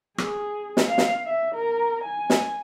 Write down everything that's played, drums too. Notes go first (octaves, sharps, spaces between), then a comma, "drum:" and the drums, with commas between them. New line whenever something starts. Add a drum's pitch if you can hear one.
G#4, drum: rim click
drum: snare
F5
drum: snare
E5
A#4
G#5
drum: snare